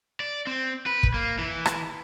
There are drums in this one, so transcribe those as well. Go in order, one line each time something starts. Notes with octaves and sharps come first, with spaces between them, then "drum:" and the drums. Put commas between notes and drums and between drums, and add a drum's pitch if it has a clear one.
D5
C4
B4
drum: kick
A#3
E3
drum: rim click